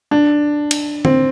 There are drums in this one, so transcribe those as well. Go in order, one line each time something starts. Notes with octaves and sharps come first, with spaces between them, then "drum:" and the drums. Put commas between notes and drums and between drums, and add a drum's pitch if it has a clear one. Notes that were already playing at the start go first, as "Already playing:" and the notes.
D4
drum: cymbal
C4, drum: tom D3